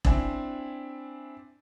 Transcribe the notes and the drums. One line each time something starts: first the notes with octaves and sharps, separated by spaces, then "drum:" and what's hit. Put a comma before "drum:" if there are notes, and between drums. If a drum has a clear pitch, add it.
C4 D4 E4 G#5, drum: kick E1